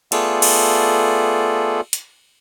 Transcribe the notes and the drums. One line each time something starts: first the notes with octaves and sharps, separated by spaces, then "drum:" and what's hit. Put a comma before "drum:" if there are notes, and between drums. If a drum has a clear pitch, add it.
A3 B3 F4 G#4 A4 D5, drum: cymbal
drum: cymbal
drum: hi-hat